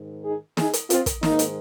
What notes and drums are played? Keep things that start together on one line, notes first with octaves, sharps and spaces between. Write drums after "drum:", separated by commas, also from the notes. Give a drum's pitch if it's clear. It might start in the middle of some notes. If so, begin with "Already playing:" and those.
Already playing: G#2 D#3
D#4 G#4
D#4 G#4, drum: snare
drum: hi-hat
C4 F4, drum: hi-hat
drum: kick, hi-hat
G#2 D#3 A#3 D#4, drum: snare
drum: hi-hat